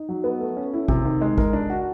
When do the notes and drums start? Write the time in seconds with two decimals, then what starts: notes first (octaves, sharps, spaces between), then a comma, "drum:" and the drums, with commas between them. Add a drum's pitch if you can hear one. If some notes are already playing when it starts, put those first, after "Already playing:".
Already playing: D#4
0.09 F#3
0.24 B3
0.40 A3
0.57 C#4
0.73 E4
0.88 C3, drum: kick
1.05 D#3
1.21 G#3
1.38 A#4, drum: kick
1.53 D4
1.70 F#4